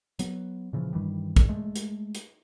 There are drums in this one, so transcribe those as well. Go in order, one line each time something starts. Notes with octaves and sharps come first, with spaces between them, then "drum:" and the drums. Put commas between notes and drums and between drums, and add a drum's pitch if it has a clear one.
F#3 B3, drum: hi-hat
A#2 C#3 E3 F3
G2 D#3 E3 G3
drum: kick, hi-hat
G#3 A3
drum: hi-hat
drum: hi-hat